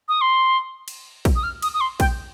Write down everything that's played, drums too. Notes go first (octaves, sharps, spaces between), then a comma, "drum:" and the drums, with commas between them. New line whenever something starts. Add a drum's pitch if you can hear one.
D#6
C6
drum: cymbal
drum: kick A#1, cymbal
D#6
F6
D#6, drum: cymbal
D#6
C6
G5, drum: kick A#1, cymbal